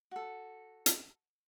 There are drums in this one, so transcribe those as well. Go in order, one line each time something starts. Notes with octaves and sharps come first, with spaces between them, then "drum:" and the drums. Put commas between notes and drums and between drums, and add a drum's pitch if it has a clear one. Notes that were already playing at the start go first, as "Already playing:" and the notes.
F#4 A4
drum: hi-hat